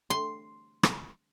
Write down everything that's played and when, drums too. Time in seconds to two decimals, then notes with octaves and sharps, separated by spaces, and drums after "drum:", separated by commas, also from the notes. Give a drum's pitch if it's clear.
0.10 C6
0.83 drum: rim click